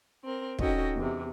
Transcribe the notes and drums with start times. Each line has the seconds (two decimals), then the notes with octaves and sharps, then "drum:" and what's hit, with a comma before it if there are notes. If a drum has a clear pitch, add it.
0.24 C4 A#4
0.59 C#4 D#4 F#4 A4 D#5 G5, drum: kick
0.95 E2 C3